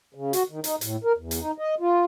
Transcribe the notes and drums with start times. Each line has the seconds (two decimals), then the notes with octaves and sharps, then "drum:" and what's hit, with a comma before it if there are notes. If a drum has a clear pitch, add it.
0.14 C#3
0.33 F#4, drum: hi-hat
0.50 D#3
0.64 D#4, drum: hi-hat
0.81 A2, drum: hi-hat
1.04 A#4
1.18 E2
1.31 drum: hi-hat
1.41 D#4
1.58 D#5
1.80 F4